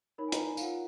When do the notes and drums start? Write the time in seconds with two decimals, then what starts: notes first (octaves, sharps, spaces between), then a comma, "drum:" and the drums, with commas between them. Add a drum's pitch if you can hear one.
0.18 D#4 A#4 C#5 B5
0.28 G#5
0.32 A#5, drum: hi-hat
0.48 G#5
0.57 F5, drum: tambourine
0.62 F4 A#4 C#5 F#5